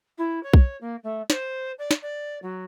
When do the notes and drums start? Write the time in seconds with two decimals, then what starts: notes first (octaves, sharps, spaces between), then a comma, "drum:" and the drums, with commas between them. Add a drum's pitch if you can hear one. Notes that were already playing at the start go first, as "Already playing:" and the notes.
0.18 E4
0.43 C#5
0.54 drum: kick B1
0.81 A#3
1.03 A3
1.30 C5, drum: snare
1.78 D5
1.91 drum: snare
2.02 D5
2.42 F#3